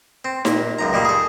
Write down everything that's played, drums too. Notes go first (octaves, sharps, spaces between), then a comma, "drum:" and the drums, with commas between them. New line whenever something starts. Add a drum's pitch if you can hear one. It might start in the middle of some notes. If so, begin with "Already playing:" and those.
C4
A#2, drum: snare D#4
C#2 F#2 A#5
A#2 D#3 G3 A#3
G#4 A4